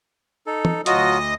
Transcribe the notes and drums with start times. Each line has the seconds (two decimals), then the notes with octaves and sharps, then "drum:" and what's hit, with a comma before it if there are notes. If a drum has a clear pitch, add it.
0.47 D#4 A4
0.65 drum: tom
0.86 D2 F#3 F4 F#4 D#5 D#6, drum: hi-hat